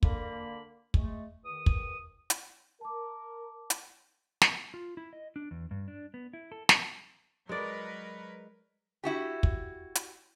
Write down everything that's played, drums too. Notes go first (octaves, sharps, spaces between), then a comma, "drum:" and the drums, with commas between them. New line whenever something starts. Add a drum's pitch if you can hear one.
D3 A#3 A#4 B5, drum: kick
G#3 A3, drum: kick
E2 D#3 D#6
drum: kick
drum: hi-hat
A#4 A5 D6
drum: hi-hat
drum: snare
F4
E4
D#5
D4
E2
G2
D4
B3
E4
A4
A5, drum: snare
F#3 G#3 A#4 B4 D5
E4 F#4 G4
drum: kick
drum: hi-hat